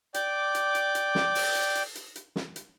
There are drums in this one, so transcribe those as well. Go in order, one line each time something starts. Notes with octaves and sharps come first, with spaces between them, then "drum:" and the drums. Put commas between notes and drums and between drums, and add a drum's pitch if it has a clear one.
D5 G5 D6, drum: hi-hat
drum: hi-hat
drum: hi-hat
drum: hi-hat
drum: snare
drum: open hi-hat
drum: hi-hat
drum: hi-hat
drum: hi-hat
drum: hi-hat
drum: snare
drum: hi-hat